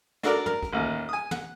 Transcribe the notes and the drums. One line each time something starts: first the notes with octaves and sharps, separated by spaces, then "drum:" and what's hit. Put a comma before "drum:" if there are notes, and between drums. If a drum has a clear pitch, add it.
D4 F#4 A4 A#4 D5, drum: snare
A#4, drum: tom
drum: kick C2
A1 D#2
G#5 D#6
F#5, drum: tom